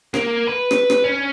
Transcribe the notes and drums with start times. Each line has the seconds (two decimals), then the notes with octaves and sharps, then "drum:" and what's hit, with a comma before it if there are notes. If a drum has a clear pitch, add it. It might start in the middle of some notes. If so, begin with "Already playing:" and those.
0.14 A#3, drum: rim click
0.48 B4
0.71 drum: rim click
0.90 drum: rim click
1.04 C#4